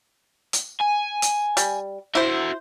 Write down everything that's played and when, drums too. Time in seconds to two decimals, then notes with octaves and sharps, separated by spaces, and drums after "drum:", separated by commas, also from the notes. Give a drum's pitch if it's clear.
0.53 drum: hi-hat
0.81 G#5
1.22 drum: hi-hat
1.57 G3, drum: hi-hat
2.15 E4 F#4 C5 E5